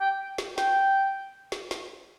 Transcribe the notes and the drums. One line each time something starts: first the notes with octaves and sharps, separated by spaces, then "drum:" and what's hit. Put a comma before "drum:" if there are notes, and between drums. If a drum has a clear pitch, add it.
G5
drum: snare
G5, drum: snare
drum: snare
drum: snare